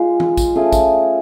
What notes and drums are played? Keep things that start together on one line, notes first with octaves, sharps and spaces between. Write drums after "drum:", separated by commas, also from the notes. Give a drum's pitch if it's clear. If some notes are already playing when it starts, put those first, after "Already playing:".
Already playing: G#3 F4
drum: tom E3
drum: kick, tambourine
A3 C#4 F4 G#4
drum: kick, tambourine